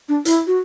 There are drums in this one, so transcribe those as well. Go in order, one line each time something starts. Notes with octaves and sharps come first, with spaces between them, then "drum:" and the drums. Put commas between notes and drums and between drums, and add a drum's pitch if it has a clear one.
D4
E4, drum: hi-hat
F#4